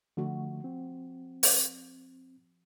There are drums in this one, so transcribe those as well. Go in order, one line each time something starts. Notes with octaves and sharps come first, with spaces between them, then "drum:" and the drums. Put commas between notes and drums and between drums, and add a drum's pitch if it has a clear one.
D3 F3 A3 F#4
C4
drum: open hi-hat